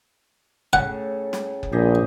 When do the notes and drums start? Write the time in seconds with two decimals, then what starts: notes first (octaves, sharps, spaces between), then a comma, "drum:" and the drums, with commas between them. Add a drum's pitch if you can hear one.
0.73 A2 C#3 F#5, drum: kick F#1
1.33 drum: snare
1.63 drum: kick F#1
1.72 A#1 G4 G#4 D#5